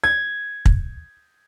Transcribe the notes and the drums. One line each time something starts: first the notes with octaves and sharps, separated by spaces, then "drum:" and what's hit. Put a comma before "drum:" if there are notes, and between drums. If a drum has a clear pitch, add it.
G#6
drum: kick